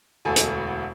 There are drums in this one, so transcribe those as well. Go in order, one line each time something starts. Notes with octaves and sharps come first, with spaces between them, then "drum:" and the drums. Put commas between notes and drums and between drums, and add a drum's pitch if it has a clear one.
E1 D2 A4 G#5
drum: hi-hat